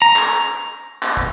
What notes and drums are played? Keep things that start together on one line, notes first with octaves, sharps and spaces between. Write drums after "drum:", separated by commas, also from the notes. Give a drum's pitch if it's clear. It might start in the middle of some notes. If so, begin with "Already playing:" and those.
A#5
drum: clap
drum: clap
drum: kick